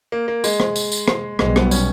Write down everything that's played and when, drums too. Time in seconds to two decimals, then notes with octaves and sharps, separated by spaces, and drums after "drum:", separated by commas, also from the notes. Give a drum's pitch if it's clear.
0.12 A#3
0.28 A#3
0.44 G#3, drum: tambourine
0.60 drum: rim click
0.76 drum: tambourine
0.92 drum: tambourine
1.08 drum: rim click
1.39 B1 B2 G3 G#3, drum: rim click
1.56 B3, drum: rim click
1.71 C#4, drum: tambourine